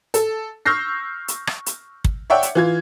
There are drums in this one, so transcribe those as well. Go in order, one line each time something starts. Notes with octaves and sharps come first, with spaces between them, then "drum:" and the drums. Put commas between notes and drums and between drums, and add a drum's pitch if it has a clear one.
A4, drum: hi-hat
C#6 E6 F6 G6 A#6 C7
drum: hi-hat
drum: rim click
drum: hi-hat
drum: kick
C#5 D5 E5 F#5 G5
drum: hi-hat
E3 F4 G#6